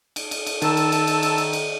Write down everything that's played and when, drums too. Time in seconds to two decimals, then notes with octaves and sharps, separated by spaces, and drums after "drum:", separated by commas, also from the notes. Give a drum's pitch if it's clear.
0.16 drum: cymbal
0.31 drum: cymbal
0.47 drum: cymbal
0.62 D#3 A5 E6, drum: cymbal
0.77 drum: cymbal
0.92 drum: cymbal
1.07 drum: cymbal
1.23 drum: cymbal
1.38 drum: cymbal
1.53 drum: cymbal